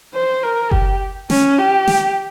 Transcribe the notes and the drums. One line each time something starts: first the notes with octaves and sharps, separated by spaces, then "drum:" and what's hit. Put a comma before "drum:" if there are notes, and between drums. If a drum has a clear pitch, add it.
C5
A#4
G4, drum: kick F#1
C#4, drum: snare
G4
drum: snare